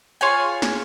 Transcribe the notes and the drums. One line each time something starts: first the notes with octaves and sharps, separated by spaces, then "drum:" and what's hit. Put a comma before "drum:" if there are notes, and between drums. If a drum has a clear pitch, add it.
F4 G#4 C#5 G#5
drum: snare